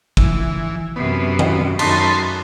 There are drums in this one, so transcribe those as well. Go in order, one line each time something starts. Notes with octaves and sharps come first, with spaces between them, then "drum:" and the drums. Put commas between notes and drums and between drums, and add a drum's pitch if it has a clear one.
E3, drum: kick
F#2 C3 B3
drum: tom
F#2 D#4 A5 B5 C6, drum: cymbal